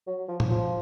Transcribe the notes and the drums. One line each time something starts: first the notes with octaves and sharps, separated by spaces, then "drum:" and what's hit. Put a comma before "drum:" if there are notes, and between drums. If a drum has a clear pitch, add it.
F#3
F3
drum: tom A2
F3